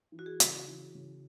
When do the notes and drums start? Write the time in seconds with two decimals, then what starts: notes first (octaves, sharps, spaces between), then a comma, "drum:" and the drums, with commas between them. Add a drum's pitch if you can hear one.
0.12 E3
0.19 F#4
0.26 G#4
0.40 C#3, drum: hi-hat
0.67 E3
0.95 C#3